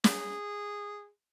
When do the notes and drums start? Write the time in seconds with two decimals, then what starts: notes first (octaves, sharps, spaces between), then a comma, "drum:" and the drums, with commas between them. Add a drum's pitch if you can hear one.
0.04 G#4, drum: snare